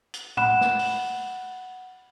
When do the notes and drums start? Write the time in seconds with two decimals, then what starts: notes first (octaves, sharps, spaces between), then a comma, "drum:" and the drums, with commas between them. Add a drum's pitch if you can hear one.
0.14 drum: hi-hat
0.37 F#5 B5 F#6 E7, drum: tom A2
0.61 drum: snare
0.79 drum: open hi-hat